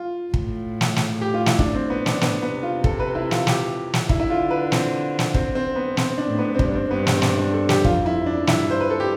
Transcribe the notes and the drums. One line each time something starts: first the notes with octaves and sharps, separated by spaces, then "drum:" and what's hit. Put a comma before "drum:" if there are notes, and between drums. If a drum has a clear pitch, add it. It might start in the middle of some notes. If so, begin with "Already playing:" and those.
Already playing: F4
A2, drum: kick
drum: snare
drum: snare
G4
F4
E4, drum: snare
D4, drum: kick
C4
B3
D4, drum: snare
A2 B3, drum: snare
B3
C3
F4
A4, drum: kick
B4
E4
F4, drum: snare
G4, drum: snare
drum: snare
D3 E4, drum: kick
E4
F4
B4
C4, drum: snare
drum: snare
C4, drum: kick
C4
B3
C4, drum: snare
D4
A2
B3
C4
G2 D4, drum: kick
C4
G2 B3
B3, drum: snare
C4
D4, drum: snare
D4
A4
G4, drum: snare
F2 F4, drum: kick
E4
D4
G2 E4, drum: snare
C5
B4
A4
G4